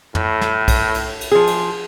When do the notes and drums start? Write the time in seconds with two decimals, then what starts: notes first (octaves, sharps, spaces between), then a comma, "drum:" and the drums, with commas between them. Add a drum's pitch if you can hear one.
0.15 A2, drum: tom
0.41 drum: snare
0.68 drum: kick, cymbal
0.94 drum: cymbal
1.21 drum: cymbal
1.32 F3 G#4
1.47 drum: cymbal